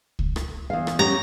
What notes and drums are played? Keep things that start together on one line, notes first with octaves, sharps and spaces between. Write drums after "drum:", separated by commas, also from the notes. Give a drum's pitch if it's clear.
drum: kick C#2
drum: rim click
E2 F5
drum: rim click
C#4 G4 A#5